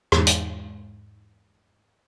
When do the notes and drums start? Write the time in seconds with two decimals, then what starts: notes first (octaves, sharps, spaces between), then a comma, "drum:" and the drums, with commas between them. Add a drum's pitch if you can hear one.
0.12 E2 G#2, drum: rim click
0.27 drum: hi-hat